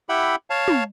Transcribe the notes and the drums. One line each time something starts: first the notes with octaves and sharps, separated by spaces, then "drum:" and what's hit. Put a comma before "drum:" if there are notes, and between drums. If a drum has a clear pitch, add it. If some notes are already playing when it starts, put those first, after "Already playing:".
E4 G4 E5 F#5 G5 B5
C#5 F5 A5
drum: tom